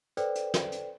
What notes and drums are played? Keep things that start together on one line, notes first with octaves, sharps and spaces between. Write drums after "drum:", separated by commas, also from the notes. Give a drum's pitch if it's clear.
A4 B4 C5 D5 G5, drum: hi-hat
drum: hi-hat
drum: snare
drum: hi-hat